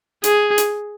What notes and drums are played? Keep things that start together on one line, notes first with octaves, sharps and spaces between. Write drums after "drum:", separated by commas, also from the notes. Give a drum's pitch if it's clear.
G#4, drum: hi-hat
drum: hi-hat